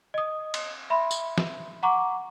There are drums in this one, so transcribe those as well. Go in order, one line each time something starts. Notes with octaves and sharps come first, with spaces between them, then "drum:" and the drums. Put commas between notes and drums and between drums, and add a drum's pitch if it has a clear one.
D#5 D#6
drum: cymbal
E5 B5 C6
drum: tambourine
drum: snare
F#5 A#5 C#6 D6